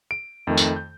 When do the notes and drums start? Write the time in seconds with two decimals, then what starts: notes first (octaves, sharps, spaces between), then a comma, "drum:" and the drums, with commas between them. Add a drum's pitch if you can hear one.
0.11 D7
0.47 F2 D#3 A3
0.57 drum: tambourine
0.76 G6